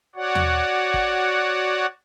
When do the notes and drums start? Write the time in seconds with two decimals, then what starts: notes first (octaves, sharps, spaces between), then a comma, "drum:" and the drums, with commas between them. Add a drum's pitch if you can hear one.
0.16 F#4 C#5 D5 F#5
0.35 drum: tom
0.94 drum: kick